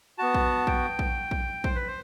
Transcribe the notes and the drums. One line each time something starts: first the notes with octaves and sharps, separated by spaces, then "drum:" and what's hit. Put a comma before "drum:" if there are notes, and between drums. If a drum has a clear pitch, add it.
B3 F#4 A5
drum: kick A#1
G5, drum: kick A#1
drum: kick A#1
drum: kick A#1
C5, drum: kick A#1
B4
C5